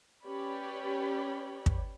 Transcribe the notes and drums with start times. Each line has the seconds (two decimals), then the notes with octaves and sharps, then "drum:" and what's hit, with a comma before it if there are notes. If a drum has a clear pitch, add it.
0.24 C#4 G4 B4 C#5 D5 B5
1.66 drum: kick